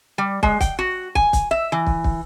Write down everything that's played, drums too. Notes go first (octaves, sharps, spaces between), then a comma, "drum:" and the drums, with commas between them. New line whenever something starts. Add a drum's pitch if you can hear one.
G3
G#3, drum: kick
G5, drum: kick, hi-hat
F#4
G#5, drum: kick
drum: kick, hi-hat
E5
E3
drum: kick
drum: kick